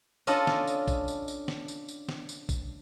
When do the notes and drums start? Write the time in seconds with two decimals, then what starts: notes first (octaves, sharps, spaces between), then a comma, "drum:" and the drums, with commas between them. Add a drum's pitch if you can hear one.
0.27 C#4 D4 F4 A4 D#5, drum: tambourine
0.47 drum: snare
0.67 drum: tambourine
0.88 drum: kick A#1, tambourine
1.08 drum: tambourine
1.28 drum: tambourine
1.48 drum: snare
1.68 drum: tambourine
1.88 drum: tambourine
2.09 drum: snare
2.29 drum: tambourine
2.49 drum: kick A#1, tambourine